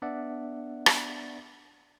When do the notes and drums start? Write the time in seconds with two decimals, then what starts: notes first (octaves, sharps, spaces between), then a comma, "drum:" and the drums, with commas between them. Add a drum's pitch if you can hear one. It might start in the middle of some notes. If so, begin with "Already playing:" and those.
0.02 B3 D4 D5 E5 F#5
0.86 drum: rim click